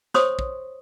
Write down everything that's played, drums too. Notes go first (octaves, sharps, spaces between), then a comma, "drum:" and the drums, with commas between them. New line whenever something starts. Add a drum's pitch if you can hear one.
C5 C#5 C6 C#6 D#6, drum: snare
drum: kick